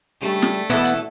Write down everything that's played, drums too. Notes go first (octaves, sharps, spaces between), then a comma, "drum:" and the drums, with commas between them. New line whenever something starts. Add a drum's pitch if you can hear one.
C#3 G3 A3 D4
drum: snare
B2 E3 B3 A4
drum: hi-hat